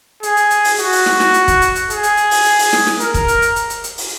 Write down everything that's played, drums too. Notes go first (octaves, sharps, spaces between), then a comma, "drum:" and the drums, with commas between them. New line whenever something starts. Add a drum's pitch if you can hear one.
G#4, drum: hi-hat
drum: hi-hat
drum: hi-hat
drum: open hi-hat
F#4, drum: hi-hat
drum: open hi-hat
drum: snare
drum: snare
drum: hi-hat
drum: kick, hi-hat
drum: hi-hat
drum: hi-hat
G#4, drum: hi-hat
drum: hi-hat
drum: hi-hat
drum: open hi-hat
drum: hi-hat
drum: open hi-hat
drum: snare
drum: snare
A#4, drum: hi-hat
drum: kick, hi-hat
drum: hi-hat
drum: hi-hat
drum: hi-hat
drum: hi-hat
drum: hi-hat
drum: open hi-hat